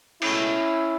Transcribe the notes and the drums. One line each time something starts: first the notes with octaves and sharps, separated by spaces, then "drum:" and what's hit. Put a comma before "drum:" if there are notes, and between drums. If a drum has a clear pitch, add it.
C#2 B2 A3 C#4 E4, drum: cymbal